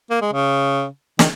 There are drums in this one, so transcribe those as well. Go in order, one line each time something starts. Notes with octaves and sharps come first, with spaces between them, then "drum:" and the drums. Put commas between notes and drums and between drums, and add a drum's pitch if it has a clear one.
A#3
G#3
C#3
D#3, drum: snare